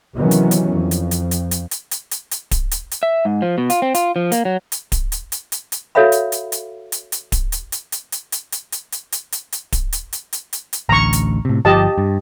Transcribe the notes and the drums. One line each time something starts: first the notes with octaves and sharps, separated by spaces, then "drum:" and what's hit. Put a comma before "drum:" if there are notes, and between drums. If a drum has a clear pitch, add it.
C3 D#3 E3 F#3 B3 C#4
drum: hi-hat
drum: hi-hat
F2
drum: hi-hat
drum: hi-hat
drum: hi-hat
drum: hi-hat
drum: hi-hat
drum: hi-hat
drum: hi-hat
drum: hi-hat
drum: kick D1, hi-hat
drum: hi-hat
drum: hi-hat
E5
G#2
F3
B2
F4, drum: hi-hat
C4
F4, drum: hi-hat
F3
A#3, drum: hi-hat
F#3
drum: hi-hat
drum: kick D1, hi-hat
drum: hi-hat
drum: hi-hat
drum: hi-hat
drum: hi-hat
F#4 A4 C#5 E5 F5 B5
drum: hi-hat
drum: hi-hat
drum: hi-hat
drum: hi-hat
drum: hi-hat
drum: kick D1, hi-hat
drum: hi-hat
drum: hi-hat
drum: hi-hat
drum: hi-hat
drum: hi-hat
drum: hi-hat
drum: hi-hat
drum: hi-hat
drum: hi-hat
drum: hi-hat
drum: hi-hat
drum: kick D1, hi-hat
drum: hi-hat
drum: hi-hat
drum: hi-hat
drum: hi-hat
drum: hi-hat
A1 D2 A#5 C#6
drum: hi-hat
A2 C3
G1 F3 G4 D#5 A5
G2